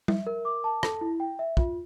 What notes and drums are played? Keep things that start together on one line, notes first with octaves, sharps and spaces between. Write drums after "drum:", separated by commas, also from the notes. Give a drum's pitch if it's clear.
E5, drum: tom G3
A#4
D6
A5
A4, drum: rim click
E4
G5
E5
F4, drum: kick